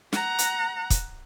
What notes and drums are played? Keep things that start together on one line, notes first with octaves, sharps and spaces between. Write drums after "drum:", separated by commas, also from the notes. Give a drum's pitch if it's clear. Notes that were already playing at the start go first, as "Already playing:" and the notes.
F#5 A#5, drum: snare
drum: hi-hat
drum: kick, hi-hat